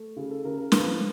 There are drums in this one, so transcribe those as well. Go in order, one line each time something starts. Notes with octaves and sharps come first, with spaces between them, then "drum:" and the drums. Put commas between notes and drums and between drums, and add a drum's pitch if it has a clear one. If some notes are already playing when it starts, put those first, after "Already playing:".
Already playing: A3
C#3
A4
C#3 A#4
A#4
F3 B4, drum: snare